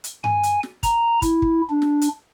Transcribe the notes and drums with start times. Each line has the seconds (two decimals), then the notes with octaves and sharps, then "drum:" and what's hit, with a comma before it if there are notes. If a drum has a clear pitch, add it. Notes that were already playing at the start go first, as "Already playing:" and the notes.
0.04 drum: hi-hat
0.24 G#5, drum: tom G2
0.43 drum: hi-hat
0.63 drum: snare
0.83 A#5, drum: kick, hi-hat
1.22 E4, drum: kick, hi-hat
1.42 drum: kick
1.70 D4
1.82 drum: snare
2.01 drum: hi-hat